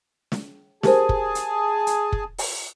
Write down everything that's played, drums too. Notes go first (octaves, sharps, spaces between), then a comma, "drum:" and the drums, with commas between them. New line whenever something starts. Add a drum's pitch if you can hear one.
drum: snare
G4 G#4 A#4 C5 G#5 A5, drum: snare
drum: kick
drum: hi-hat
drum: hi-hat
drum: kick
drum: open hi-hat